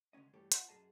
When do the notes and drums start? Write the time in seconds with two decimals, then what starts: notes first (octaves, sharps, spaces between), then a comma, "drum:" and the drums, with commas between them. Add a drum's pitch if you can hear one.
0.13 C#2 G2 D3 C#4 D#5
0.33 G2 E3 A3 G4 A4 C#5
0.52 F4 C5 F#5, drum: hi-hat
0.69 F#2 G#4 D#5 A5